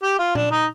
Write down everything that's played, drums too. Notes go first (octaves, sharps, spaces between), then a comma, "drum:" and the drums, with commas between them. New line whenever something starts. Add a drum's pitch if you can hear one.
G4
F4
D4, drum: tom A#2
D#4